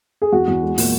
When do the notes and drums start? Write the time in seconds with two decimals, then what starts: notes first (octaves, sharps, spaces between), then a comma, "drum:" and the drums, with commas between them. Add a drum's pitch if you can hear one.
0.22 G#4
0.32 E2 F#4
0.47 E2
0.63 G#3
0.78 A#2, drum: open hi-hat